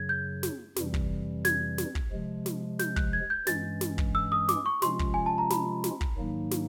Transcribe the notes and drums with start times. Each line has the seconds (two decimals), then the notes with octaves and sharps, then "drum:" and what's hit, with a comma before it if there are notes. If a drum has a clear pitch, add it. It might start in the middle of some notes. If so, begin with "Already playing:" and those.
Already playing: F#2 C#3 F#3 G#6
0.09 G6
0.43 drum: snare
0.76 F2 C3 E3 G3, drum: snare
0.94 drum: kick
1.45 G#6, drum: snare
1.78 drum: snare
1.95 drum: kick
2.12 C3 F3 G#3
2.46 drum: snare
2.79 G6, drum: snare
2.96 F#6, drum: kick
3.13 G#6
3.30 G6
3.47 G2 E3 G#3 C#4 A6, drum: snare
3.81 drum: snare
3.98 drum: kick
4.15 E6
4.32 D#6
4.49 D6, drum: snare
4.66 C#6
4.82 C3 F3 G#3 C#4 F4 C6, drum: snare
4.99 drum: kick
5.14 G#5
5.26 A5
5.38 A#5
5.50 B5, drum: snare
5.84 drum: snare
6.01 drum: kick
6.17 G#2 D#3 F#3 A#3 D#4
6.51 drum: snare